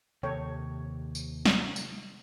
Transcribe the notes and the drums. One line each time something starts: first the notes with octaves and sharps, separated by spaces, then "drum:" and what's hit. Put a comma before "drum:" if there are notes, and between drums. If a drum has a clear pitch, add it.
D#2 C3 A4 C#5 G5
drum: tambourine
drum: snare
drum: tambourine